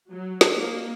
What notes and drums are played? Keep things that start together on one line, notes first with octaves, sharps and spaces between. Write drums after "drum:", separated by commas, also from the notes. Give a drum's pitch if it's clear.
F#3
drum: snare
A#3